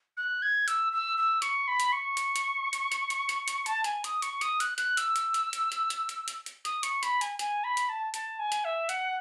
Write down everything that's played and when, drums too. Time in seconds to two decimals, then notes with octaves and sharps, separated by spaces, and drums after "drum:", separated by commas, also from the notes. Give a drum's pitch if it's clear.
0.17 F#6
0.42 G#6
0.68 E6, drum: hi-hat
0.93 E6
1.18 E6
1.42 C#6, drum: hi-hat
1.68 B5
1.80 drum: hi-hat
1.92 C#6
2.17 drum: hi-hat
2.36 drum: hi-hat
2.73 drum: hi-hat
2.92 drum: hi-hat
3.10 drum: hi-hat
3.29 drum: hi-hat
3.48 drum: hi-hat
3.66 A5, drum: hi-hat
3.84 G#5, drum: hi-hat
4.04 D#6, drum: hi-hat
4.22 C#6, drum: hi-hat
4.41 D#6, drum: hi-hat
4.60 F#6, drum: hi-hat
4.78 F#6, drum: hi-hat
4.97 E6, drum: hi-hat
5.16 drum: hi-hat
5.34 drum: hi-hat
5.53 drum: hi-hat
5.72 drum: hi-hat
5.90 drum: hi-hat
6.09 drum: hi-hat
6.28 drum: hi-hat
6.46 drum: hi-hat
6.65 D#6, drum: hi-hat
6.83 C#6, drum: hi-hat
7.03 B5, drum: hi-hat
7.21 G#5, drum: hi-hat
7.39 G#5, drum: hi-hat
7.64 B5
7.77 drum: hi-hat
7.89 A5
8.14 A5, drum: hi-hat
8.39 G#5
8.52 drum: hi-hat
8.65 E5
8.89 F#5, drum: hi-hat